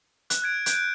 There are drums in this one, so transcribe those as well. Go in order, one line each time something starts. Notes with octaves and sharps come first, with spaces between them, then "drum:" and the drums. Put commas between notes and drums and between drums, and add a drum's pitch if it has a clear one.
F#6, drum: hi-hat
F#6 G#6 D7
G6 D7, drum: hi-hat